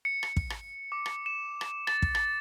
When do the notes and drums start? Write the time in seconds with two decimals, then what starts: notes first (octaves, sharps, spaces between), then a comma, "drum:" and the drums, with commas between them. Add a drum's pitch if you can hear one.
0.05 C#7
0.23 drum: rim click
0.37 drum: kick
0.50 drum: rim click
0.92 D6
1.06 drum: rim click
1.26 E7
1.61 drum: rim click
1.87 A6, drum: rim click
2.02 drum: kick
2.15 A6, drum: rim click